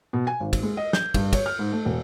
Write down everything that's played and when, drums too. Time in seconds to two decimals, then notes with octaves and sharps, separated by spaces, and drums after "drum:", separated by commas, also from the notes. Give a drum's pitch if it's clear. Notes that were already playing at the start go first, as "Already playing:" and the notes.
0.13 B2
0.27 G#5
0.40 G#1
0.53 drum: kick, cymbal
0.63 G#3
0.77 D#5
0.93 G6, drum: snare
1.14 G2, drum: kick, cymbal
1.33 C#5, drum: kick, cymbal
1.46 F6
1.59 G#2
1.73 A3
1.85 E1